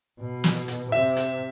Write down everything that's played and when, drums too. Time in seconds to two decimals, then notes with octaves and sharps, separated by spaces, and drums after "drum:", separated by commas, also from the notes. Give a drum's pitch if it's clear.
0.20 B2
0.44 drum: snare
0.68 drum: hi-hat
0.92 C3 E5
1.17 drum: hi-hat